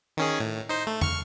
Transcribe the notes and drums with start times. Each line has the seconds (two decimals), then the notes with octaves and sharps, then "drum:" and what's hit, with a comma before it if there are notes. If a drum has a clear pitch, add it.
0.17 D#3 C#4 G#4
0.40 A2
0.69 D#4 C5
0.87 A3
1.01 C#6 F6, drum: tom